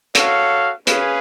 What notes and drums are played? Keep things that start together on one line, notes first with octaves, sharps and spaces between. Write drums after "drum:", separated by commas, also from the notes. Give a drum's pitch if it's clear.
F#4 A4 C#5 F5, drum: hi-hat
C#4 G#4 B4 F5, drum: hi-hat